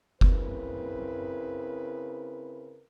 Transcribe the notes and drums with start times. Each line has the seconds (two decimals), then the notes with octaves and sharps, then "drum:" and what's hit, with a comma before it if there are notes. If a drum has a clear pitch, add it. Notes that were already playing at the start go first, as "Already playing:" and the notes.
0.21 C#3 C4 E4 A#4 B4, drum: kick F#1